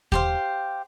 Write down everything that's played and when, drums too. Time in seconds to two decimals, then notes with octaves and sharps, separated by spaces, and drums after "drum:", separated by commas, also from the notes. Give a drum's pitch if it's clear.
0.12 G4 C5 F5, drum: kick D#2